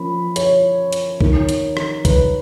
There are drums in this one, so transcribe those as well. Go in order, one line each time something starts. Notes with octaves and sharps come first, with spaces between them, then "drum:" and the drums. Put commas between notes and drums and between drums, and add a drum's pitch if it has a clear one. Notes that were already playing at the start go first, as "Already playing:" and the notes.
Already playing: F3 A#3 C#4 B5
C#5, drum: hi-hat
drum: hi-hat
D#3 A#3 D#4, drum: kick
drum: hi-hat
drum: rim click
B4, drum: kick, hi-hat